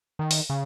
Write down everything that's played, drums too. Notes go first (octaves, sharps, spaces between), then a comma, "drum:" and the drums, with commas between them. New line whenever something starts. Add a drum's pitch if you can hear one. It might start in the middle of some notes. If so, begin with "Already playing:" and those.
D#3
drum: open hi-hat
C#3